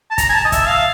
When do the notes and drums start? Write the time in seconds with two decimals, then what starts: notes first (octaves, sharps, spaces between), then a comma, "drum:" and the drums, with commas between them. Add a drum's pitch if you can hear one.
0.11 A5
0.18 A#5, drum: kick, hi-hat
0.29 G#5
0.34 A5
0.45 D#5
0.52 E5, drum: kick, hi-hat
0.68 F5